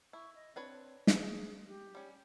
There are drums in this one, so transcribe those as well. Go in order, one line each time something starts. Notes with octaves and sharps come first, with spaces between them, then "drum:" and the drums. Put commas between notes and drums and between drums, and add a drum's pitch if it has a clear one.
E4 C#6
D#5
C4 D4 B4 C#5
G#4, drum: snare
G4
G3 C#4